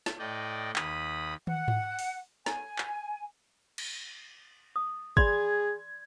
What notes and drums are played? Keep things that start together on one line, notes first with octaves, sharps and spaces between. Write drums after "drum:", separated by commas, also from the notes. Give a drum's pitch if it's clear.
drum: snare
A2 D5 D#5 G5
D#2 B5 D#6, drum: clap
F#5, drum: tom
drum: tom G#2
drum: open hi-hat
G#5, drum: snare
drum: clap
drum: cymbal
D#6
G#4 D5 B5 C6 G#6, drum: kick